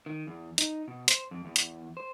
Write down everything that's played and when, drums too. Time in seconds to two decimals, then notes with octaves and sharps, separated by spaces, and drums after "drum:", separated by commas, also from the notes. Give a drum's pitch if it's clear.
0.06 D#3
0.27 E2
0.58 D#4, drum: hi-hat
0.88 B2
1.08 C5, drum: hi-hat
1.31 F2
1.45 E2
1.56 drum: hi-hat
1.97 C5